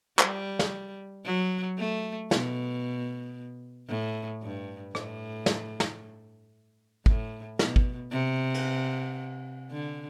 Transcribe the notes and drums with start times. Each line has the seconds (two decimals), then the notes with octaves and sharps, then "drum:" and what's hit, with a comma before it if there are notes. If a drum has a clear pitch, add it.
0.19 G3, drum: clap
0.59 drum: snare
1.25 F#3
1.78 A3
2.31 B2, drum: snare
3.89 A2
4.43 G2
4.95 A2, drum: rim click
5.46 drum: snare
5.80 drum: snare
7.06 A2, drum: kick G#1
7.59 B2, drum: snare
7.76 drum: kick G#1
8.12 C3
8.54 drum: cymbal
9.71 D3